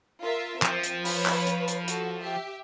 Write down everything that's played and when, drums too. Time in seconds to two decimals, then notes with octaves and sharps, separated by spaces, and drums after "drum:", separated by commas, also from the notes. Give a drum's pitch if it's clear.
0.22 F4 A#4 E5
0.62 F3 C4, drum: clap
0.83 drum: hi-hat
1.05 B4 C#5 B5, drum: open hi-hat
1.26 drum: clap
1.47 drum: hi-hat
1.68 drum: hi-hat
1.88 F#4 A4, drum: hi-hat
2.24 G4 E5